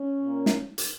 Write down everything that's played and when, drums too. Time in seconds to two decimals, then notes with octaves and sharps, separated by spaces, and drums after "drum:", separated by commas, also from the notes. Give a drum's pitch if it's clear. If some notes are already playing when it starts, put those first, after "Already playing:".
Already playing: C#4
0.21 A#2 A#3
0.46 drum: snare
0.78 drum: hi-hat